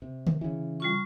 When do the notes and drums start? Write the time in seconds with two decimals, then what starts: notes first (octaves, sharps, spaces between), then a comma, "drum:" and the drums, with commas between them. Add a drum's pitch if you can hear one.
0.02 C3
0.27 drum: tom D3
0.41 C#3 E3
0.80 G3 F4 C#6